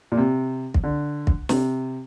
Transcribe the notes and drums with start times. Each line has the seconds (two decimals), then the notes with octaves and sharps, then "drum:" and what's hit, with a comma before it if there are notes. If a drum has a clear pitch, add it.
0.12 A#2
0.17 C3
0.74 drum: kick
0.84 D3
1.27 drum: kick
1.49 C3, drum: snare